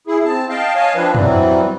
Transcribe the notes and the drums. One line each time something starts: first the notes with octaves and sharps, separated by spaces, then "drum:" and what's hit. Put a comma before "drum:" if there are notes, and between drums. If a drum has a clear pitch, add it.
E4 G#4
C4 A5
D#5 F5 G5 A5
C#5 D#5 F5 G#5 A5
F3 C4 D4 B4
E3 F#3 G3 C4, drum: tom